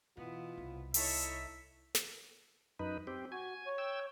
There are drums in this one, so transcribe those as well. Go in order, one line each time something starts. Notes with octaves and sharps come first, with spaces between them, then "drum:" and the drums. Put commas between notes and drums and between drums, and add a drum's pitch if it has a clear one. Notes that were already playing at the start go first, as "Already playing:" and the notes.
B2 E3 B3 E4 F4
C2
D#4 E4 A4 C#5 E5, drum: open hi-hat
drum: snare
F#2 D#4 B4
C4 G4
F#4 G#5
C#5
G5 E6